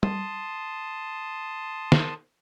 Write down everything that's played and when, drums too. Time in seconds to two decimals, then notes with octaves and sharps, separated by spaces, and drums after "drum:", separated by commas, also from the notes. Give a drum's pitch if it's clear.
0.03 A5 C6 D#6, drum: tom
1.92 drum: snare